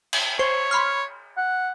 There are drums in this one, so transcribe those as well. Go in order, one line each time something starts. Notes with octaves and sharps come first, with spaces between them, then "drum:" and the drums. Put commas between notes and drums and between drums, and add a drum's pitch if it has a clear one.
drum: cymbal
C5 C#5
B5 C6 F6
F#5